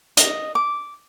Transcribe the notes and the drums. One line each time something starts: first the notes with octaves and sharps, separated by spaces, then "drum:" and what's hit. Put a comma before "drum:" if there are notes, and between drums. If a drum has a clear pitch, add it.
D#5, drum: hi-hat
D6